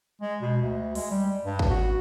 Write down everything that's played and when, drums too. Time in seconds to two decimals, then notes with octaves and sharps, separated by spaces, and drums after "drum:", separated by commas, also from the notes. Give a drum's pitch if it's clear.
0.21 G#3
0.42 B2
0.62 D2
0.95 G#3, drum: open hi-hat
1.10 G3
1.45 G2
1.59 drum: kick
1.70 F#4